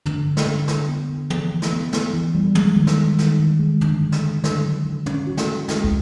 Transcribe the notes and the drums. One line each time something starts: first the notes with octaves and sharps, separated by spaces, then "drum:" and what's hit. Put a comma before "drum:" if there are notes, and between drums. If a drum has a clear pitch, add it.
D3, drum: tom
D3
drum: snare
D3
D3, drum: snare
B3
D3
E3, drum: tom
E3
drum: snare
B3
B3, drum: snare
E3
G3
G#3, drum: tom
D#3
drum: snare
G#3
D#3, drum: snare
D#3
G#3
D3, drum: tom
D3
drum: snare
D3
D3, drum: snare
F#3
D3
C#4, drum: tom
F#4
drum: snare
F#4
G#3, drum: snare
drum: kick